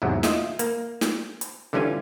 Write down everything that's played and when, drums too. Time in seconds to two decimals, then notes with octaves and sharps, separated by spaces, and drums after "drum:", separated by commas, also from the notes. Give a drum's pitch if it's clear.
0.02 E2 G#2 C3 F#3
0.23 F4 D#5 E5, drum: snare
0.59 A#3, drum: hi-hat
1.01 drum: snare
1.41 drum: hi-hat
1.73 D3 E3 G3 C#4 F4 G#5